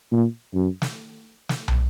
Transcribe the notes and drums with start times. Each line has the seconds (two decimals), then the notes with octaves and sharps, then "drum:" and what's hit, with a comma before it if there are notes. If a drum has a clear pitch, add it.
0.11 A#2
0.54 F#2
0.82 drum: snare
1.49 drum: snare
1.68 drum: tom